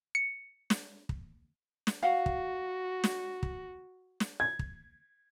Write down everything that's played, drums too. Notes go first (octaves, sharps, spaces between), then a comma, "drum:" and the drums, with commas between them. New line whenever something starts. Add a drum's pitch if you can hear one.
C#7
drum: snare
drum: kick
drum: snare
F#4 F5 F#5
drum: kick
drum: snare
drum: kick
drum: snare
G#6
drum: kick